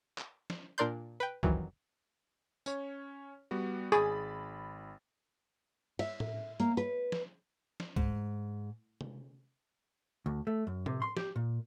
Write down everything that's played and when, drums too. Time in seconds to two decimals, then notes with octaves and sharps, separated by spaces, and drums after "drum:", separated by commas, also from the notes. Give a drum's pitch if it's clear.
0.18 drum: clap
0.50 drum: snare
0.78 A#2 D4 A#4 D5 C6 G6
1.20 B4 G5
1.43 F2 D#3 E3 F#3, drum: kick
2.66 C#4 C#5, drum: tambourine
3.51 G3 B3 F#4
3.92 G#1 G#4 B5 A6, drum: tambourine
5.99 E5, drum: cymbal
6.20 drum: tom A2
6.60 A#3, drum: hi-hat
6.77 B4, drum: hi-hat
7.12 drum: snare
7.80 drum: snare
7.96 G#2, drum: kick
9.01 drum: tom
10.26 D2
10.47 A3
10.67 F#2
10.86 C3, drum: tom A2
11.02 C6
11.17 G4, drum: snare
11.36 A#2